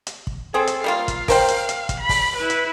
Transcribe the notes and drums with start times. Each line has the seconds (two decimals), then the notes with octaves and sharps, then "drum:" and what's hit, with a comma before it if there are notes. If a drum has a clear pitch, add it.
0.07 drum: hi-hat
0.27 drum: kick
0.54 C4 G#4 A4
0.67 drum: hi-hat
0.84 G3 A#3 F4 F5
1.08 drum: kick, hi-hat
1.28 A#4 C5 G5, drum: kick, open hi-hat
1.48 drum: hi-hat
1.69 drum: hi-hat
1.89 drum: kick, hi-hat
2.00 B5
2.09 drum: kick, open hi-hat
2.37 E4 B4
2.50 drum: hi-hat